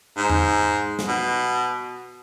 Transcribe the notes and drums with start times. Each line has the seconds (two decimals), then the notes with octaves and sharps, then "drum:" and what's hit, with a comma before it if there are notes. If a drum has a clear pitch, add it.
0.18 G#2
0.30 drum: tom E2
0.99 drum: snare
1.08 B2